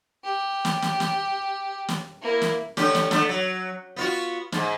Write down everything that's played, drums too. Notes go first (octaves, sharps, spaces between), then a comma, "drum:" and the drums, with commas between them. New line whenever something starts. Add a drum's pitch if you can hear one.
G4
drum: snare
drum: snare
drum: snare
drum: snare
A#3 E4
drum: snare
D3 C#4 G4, drum: snare
drum: snare
D3 A3, drum: snare
F#3
B3 F4 F#4
G#2, drum: snare